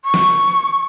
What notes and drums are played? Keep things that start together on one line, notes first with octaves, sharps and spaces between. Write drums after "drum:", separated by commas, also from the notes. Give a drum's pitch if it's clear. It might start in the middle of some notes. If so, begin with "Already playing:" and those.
C#6
drum: snare